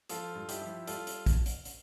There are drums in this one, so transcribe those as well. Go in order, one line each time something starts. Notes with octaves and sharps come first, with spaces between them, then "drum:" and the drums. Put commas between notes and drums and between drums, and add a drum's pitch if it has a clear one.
F3 F4 A4, drum: hi-hat
G2
E4 G4, drum: hi-hat
F3
G3 F4 A4, drum: hi-hat
drum: hi-hat
drum: kick, hi-hat
drum: hi-hat
drum: hi-hat